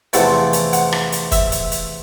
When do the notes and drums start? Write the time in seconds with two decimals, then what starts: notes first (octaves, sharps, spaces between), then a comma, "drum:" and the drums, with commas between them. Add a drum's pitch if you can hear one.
0.13 E2 C3 F3 A3 F#5, drum: hi-hat
0.53 drum: hi-hat
0.73 F#5, drum: hi-hat
0.92 drum: rim click
1.12 drum: hi-hat
1.32 E5, drum: kick, hi-hat
1.52 drum: hi-hat
1.72 drum: hi-hat